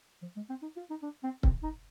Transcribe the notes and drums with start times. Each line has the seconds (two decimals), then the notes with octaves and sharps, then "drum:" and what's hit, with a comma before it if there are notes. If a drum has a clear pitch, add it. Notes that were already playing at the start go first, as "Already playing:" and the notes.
0.22 F3
0.37 G#3
0.49 C4
0.63 D#4
0.77 F4
0.90 D#4
1.03 D4
1.23 C4
1.43 C4, drum: kick C#1
1.63 D#4